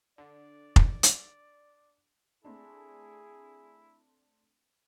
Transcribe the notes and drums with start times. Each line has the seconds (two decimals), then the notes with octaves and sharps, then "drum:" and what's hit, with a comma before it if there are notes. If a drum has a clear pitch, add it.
0.18 D3 D4 D5
0.76 drum: kick F1
1.03 drum: hi-hat
2.44 A3 C4 D4 E4 G#4